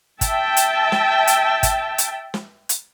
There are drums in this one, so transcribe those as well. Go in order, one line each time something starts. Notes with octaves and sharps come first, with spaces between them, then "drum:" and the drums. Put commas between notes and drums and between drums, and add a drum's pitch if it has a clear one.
E5 G5 A5, drum: kick, hi-hat
drum: hi-hat
drum: snare
drum: hi-hat
drum: kick, hi-hat
drum: hi-hat
drum: snare
drum: hi-hat